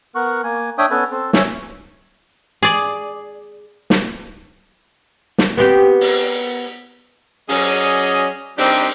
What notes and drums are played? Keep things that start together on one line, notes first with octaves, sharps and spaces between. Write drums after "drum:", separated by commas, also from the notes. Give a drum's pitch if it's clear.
B3 A#4 F#5 C#6
A#3 G#5
D4 C#5 E5 G5 D#6
B3 C#4 A4 B4 G#5
C4 A4
C#4 C#5 E5, drum: snare
G#4 D5
drum: snare
drum: snare
B3 C4 G4
drum: open hi-hat
F#3 C#4 G#4 D5 D#5, drum: open hi-hat
G3 C4 D4 D#4 G4, drum: open hi-hat